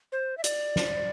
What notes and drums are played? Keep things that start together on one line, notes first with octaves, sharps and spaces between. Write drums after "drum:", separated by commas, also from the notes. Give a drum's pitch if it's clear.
C5
E5
D5, drum: hi-hat
drum: snare